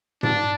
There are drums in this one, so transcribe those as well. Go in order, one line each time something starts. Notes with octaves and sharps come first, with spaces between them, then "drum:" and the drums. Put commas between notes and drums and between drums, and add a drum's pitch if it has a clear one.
D4, drum: tom G#2